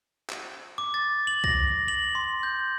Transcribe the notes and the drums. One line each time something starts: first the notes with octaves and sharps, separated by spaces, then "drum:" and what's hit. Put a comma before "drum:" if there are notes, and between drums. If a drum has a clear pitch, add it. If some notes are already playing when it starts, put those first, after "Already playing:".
drum: clap
D6
A6
F#7
A#6, drum: kick C2
F#7
C6
G6